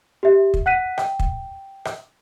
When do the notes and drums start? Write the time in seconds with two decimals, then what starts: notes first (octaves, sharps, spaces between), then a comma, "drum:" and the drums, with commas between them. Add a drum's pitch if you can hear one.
0.23 G4 E5
0.54 drum: kick
0.66 F#5 F#6 B6 D#7
0.98 G5, drum: rim click
1.20 drum: kick
1.85 drum: rim click